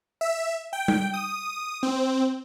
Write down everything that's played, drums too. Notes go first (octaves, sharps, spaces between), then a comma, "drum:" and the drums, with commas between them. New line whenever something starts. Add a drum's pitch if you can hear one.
E5
G5
drum: tom G3
D#6
C4